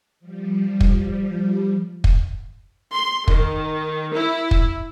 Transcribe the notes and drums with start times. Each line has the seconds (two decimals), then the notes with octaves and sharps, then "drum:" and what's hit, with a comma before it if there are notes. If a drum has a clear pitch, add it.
0.20 F3 G3
0.81 drum: kick
2.04 drum: kick
2.91 C6
3.28 D#3, drum: kick
4.13 E4
4.51 drum: kick